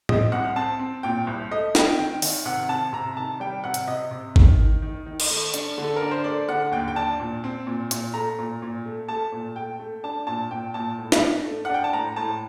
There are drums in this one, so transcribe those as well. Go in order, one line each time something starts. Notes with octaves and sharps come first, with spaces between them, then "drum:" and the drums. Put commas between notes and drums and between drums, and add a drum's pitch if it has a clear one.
C4 D#5, drum: tom A2
C2 F#5
C4 A5
C4
A#2 G5
C2
A3 D#5
C4 G5, drum: snare
D#3 G5
D#3, drum: open hi-hat
C3 F#5
C4 A5
C3 A#5
D#3 A5
G3 G5
C3 F#5
drum: hi-hat
C3 D#5
C3
D#3, drum: kick G#1
D#3
D#3
D#3
drum: cymbal
A3
D4, drum: hi-hat
D3 A4
A#4
D4
C5
A3 D5
D3 F#5
D#2 G5
G5
D4 A5
A#2
C4
A#2
A#2, drum: hi-hat
A3 A#5
A#2
A#2
A3
A3 A5
A#2
A3 G5
A3
D4 A5
A#2 A5
A#2 G5
A#2 A5
A2
drum: snare
D4
A3
F#5
D4 G5
A5
A2 A#5
A2 A5